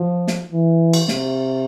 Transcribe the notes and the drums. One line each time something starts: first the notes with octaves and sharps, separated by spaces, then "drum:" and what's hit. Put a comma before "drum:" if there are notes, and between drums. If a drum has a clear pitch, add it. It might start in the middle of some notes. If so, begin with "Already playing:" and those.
Already playing: F3
drum: snare
E3
drum: cymbal
C3, drum: snare